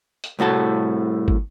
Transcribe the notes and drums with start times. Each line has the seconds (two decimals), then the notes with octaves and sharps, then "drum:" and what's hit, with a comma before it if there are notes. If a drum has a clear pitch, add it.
0.24 drum: hi-hat
0.39 C2 A2 F#4 A4
1.28 drum: kick